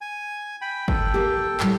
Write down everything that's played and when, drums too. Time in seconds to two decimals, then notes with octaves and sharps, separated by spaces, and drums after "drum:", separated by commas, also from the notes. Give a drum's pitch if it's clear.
0.01 G#5
0.62 G5 B5
0.88 A4 G5, drum: kick
1.14 A#3 G4
1.60 A2 G3 A3, drum: clap